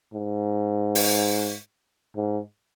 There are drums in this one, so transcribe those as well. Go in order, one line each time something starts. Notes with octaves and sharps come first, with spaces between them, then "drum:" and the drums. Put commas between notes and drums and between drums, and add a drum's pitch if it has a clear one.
G#2
drum: open hi-hat
G#2